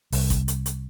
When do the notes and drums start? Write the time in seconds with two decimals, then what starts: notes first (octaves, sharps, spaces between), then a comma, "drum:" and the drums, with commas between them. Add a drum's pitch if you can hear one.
0.12 C2, drum: open hi-hat
0.30 drum: kick, hi-hat
0.48 drum: hi-hat
0.66 drum: hi-hat